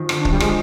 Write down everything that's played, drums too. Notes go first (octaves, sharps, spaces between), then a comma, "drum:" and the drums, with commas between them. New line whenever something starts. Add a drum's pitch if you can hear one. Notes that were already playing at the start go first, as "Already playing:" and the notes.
Already playing: D#3 F3
D3, drum: rim click
D4
D#3, drum: kick
G3
F3 G#3, drum: rim click